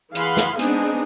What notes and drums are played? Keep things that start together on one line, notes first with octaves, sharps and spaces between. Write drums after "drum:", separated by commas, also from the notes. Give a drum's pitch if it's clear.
E3 G#4 F5 F#5 B5 C6, drum: hi-hat
drum: snare
G#3 B3 C4 D4 D#4 G#4, drum: hi-hat